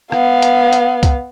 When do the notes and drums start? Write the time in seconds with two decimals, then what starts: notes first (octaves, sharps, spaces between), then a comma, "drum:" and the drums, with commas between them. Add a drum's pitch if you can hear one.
0.12 B3 F5, drum: rim click
0.42 drum: hi-hat
0.73 drum: hi-hat
1.03 drum: kick, hi-hat